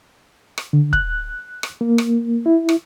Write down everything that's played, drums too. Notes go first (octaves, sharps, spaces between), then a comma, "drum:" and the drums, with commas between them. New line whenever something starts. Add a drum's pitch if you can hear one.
drum: rim click
D3
F#6, drum: kick
drum: rim click
A#3
drum: rim click
E4
drum: rim click